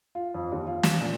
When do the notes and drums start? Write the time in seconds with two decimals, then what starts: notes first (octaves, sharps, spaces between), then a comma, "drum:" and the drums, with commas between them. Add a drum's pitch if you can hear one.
0.15 F4
0.34 F2
0.52 D#2
0.67 F4
0.83 E7, drum: snare
1.01 A#2